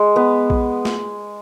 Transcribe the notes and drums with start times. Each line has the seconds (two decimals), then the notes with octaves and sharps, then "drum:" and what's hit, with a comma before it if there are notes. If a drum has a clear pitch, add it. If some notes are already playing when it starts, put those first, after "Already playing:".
Already playing: G#3
0.16 B3
0.50 drum: kick A#1
0.85 drum: snare